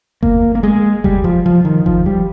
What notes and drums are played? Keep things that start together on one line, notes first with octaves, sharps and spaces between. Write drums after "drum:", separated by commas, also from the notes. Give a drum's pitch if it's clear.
A#3, drum: kick F#1
A#3
G#3
G3, drum: kick F#1
F3
F3
D#3
F3, drum: kick F#1
G3